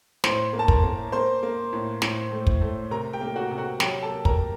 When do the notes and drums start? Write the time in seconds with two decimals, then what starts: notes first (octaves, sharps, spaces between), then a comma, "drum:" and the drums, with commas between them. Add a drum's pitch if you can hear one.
0.24 A2 C5 C6, drum: snare
0.53 A#3
0.59 A5
0.68 A#4 A#5, drum: kick
0.83 A#3
1.12 A#3 C5 C6
1.43 A#3
1.73 A2
2.02 A2, drum: snare
2.32 A3
2.47 drum: kick
2.61 A3
2.91 C3 A#4 A#5
3.13 G4 G5
3.21 A#3
3.36 F#4 F#5
3.51 C3
3.58 F#4 F#5
3.80 F#3 G4 G5, drum: snare
4.03 A4 A5
4.10 A#3
4.25 A#4 A#5, drum: kick